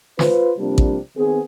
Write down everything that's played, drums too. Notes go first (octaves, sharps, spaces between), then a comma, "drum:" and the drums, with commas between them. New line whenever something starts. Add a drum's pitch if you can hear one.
F4 B4 C5, drum: snare
C3 F3 G3 A#3 C4 D4
drum: kick A1
D#3 B3 C4 G#4